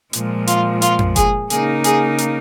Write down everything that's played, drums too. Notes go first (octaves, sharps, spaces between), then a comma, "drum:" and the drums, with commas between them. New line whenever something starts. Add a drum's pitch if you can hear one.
A#2 F3 G#3, drum: hi-hat
F4, drum: hi-hat
F4, drum: hi-hat
drum: tom F2
G#4, drum: kick F#1, hi-hat
C#3 A#3 D#4 G#4, drum: hi-hat
G#4, drum: hi-hat
drum: hi-hat